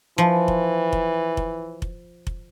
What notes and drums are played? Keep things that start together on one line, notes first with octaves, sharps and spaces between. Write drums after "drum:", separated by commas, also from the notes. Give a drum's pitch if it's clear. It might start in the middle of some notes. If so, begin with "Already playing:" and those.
E3 F3
drum: kick F1
drum: kick F1
drum: kick F1
drum: kick F1
drum: kick F1